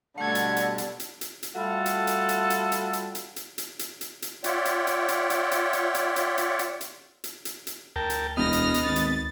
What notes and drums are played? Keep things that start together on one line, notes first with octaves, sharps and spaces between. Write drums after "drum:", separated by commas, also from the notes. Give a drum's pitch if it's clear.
B2 D3 G3 A3 F#5 A5 G#6
drum: hi-hat
drum: hi-hat
drum: hi-hat
drum: hi-hat
drum: hi-hat
drum: hi-hat
G3 A3 F4 F#4 A4
drum: hi-hat
drum: hi-hat
drum: hi-hat
drum: hi-hat
drum: hi-hat
drum: hi-hat
drum: hi-hat
drum: hi-hat
drum: hi-hat
drum: hi-hat
drum: hi-hat
drum: hi-hat
F4 C#5 D5 E5 F#5 G5, drum: hi-hat
drum: hi-hat
drum: hi-hat
drum: hi-hat
drum: hi-hat
drum: hi-hat
drum: hi-hat
drum: hi-hat
drum: hi-hat
drum: hi-hat
drum: hi-hat
drum: hi-hat
drum: hi-hat
drum: hi-hat
drum: hi-hat
D2 A#4 G5 A5
drum: hi-hat
E1 B3 D#5 F6 A#6
drum: hi-hat
drum: hi-hat
G#1 A6
drum: hi-hat